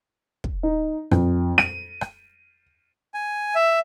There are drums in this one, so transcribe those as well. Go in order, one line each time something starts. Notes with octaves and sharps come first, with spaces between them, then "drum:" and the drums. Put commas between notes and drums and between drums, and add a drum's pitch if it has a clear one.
drum: kick
D#4
F2, drum: rim click
D#7, drum: rim click
drum: rim click
G#5
E5